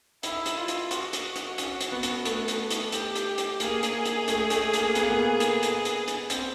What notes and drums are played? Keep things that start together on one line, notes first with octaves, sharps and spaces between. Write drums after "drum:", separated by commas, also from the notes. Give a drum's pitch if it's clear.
D#4 E4, drum: hi-hat
drum: hi-hat
F4
drum: hi-hat
F#4, drum: hi-hat
drum: hi-hat
F#4
drum: hi-hat
C#4, drum: hi-hat
drum: hi-hat
B3
drum: hi-hat
A3, drum: hi-hat
drum: hi-hat
drum: hi-hat
G4, drum: hi-hat
drum: hi-hat
drum: hi-hat
A#3 G#4, drum: hi-hat
drum: hi-hat
drum: hi-hat
A3, drum: hi-hat
A3, drum: hi-hat
A#3, drum: hi-hat
B3, drum: hi-hat
A#3
B3
drum: hi-hat
drum: hi-hat
drum: hi-hat
drum: hi-hat
C4, drum: hi-hat